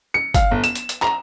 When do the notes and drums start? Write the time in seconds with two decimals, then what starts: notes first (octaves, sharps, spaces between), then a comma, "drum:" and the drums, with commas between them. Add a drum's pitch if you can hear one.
0.14 C#7
0.34 F5, drum: kick G1, hi-hat
0.51 G1
0.64 E7, drum: hi-hat
0.75 drum: hi-hat
0.89 drum: hi-hat
1.02 A#5, drum: clap